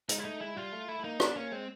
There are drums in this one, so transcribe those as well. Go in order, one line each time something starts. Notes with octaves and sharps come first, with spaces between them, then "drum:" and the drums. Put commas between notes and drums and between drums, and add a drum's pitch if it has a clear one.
G#3 D#4, drum: hi-hat
E4
A3 D#4
G#3 E4
G3 F4
A3
A3 E4
A3
A#3 D#4
B3 D4, drum: rim click
A#3 C#4
G#3 C4